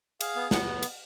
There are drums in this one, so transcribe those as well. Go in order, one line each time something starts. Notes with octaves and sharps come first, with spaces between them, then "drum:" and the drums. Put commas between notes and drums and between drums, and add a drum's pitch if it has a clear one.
G#4 F5, drum: cymbal
B3
B3 F#5, drum: snare
drum: cymbal